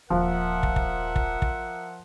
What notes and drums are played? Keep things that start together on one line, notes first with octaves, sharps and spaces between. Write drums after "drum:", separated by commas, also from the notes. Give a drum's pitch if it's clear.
D#1 F3 A#4 E5 F#5
drum: kick
drum: kick
drum: kick
drum: kick